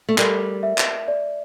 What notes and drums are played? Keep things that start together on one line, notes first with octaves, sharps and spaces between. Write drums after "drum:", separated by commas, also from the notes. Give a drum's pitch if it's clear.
A3
G3 A#4, drum: clap
E5
drum: clap
D5